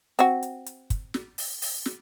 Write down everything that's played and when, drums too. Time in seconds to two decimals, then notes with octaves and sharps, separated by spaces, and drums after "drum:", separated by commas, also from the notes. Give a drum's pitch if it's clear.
0.19 C4 F#4, drum: hi-hat
0.43 drum: hi-hat
0.66 drum: hi-hat
0.90 drum: kick, hi-hat
1.14 drum: snare
1.38 drum: open hi-hat
1.62 drum: open hi-hat
1.86 drum: snare